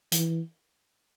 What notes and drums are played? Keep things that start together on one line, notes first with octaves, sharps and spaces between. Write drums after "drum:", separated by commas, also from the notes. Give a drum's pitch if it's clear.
E3, drum: hi-hat